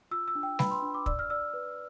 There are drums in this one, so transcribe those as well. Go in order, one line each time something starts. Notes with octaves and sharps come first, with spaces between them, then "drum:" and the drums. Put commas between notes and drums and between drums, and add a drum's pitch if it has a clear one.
F4 E6
E6
D4
G5
B4 B5, drum: snare G3
C6
D4
D6
D5 E6, drum: kick
F6
D5 E6
B4